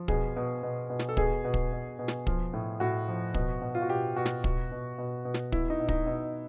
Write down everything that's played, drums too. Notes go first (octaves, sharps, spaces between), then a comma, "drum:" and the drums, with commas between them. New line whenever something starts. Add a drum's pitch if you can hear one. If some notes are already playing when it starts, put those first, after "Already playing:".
Already playing: F3
B2 G#4, drum: kick
B2
B2
B2
drum: snare
A4
B2 G#4, drum: kick
B2
drum: kick
B2
B2
drum: snare
F3, drum: kick
A2
A2 F#4
F3
B2, drum: kick
B2
F4
F#4
B2 G4
B2 F#4
drum: snare
B2, drum: kick
B2
B2
B2
drum: snare
B2 E4, drum: kick
D#4
B2
D#4, drum: kick
B2 D#4